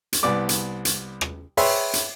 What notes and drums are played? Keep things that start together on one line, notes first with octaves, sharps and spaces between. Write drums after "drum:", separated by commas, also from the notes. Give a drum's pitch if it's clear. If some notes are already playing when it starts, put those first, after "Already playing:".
drum: hi-hat
C2 B3 D5 D6
drum: hi-hat
drum: hi-hat
drum: rim click
G#4 B4 C#5 E5 G5 C6, drum: open hi-hat
drum: hi-hat